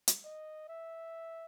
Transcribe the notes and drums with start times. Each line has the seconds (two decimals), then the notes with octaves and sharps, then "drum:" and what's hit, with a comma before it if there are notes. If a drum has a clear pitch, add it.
0.08 drum: hi-hat
0.24 D#5
0.68 E5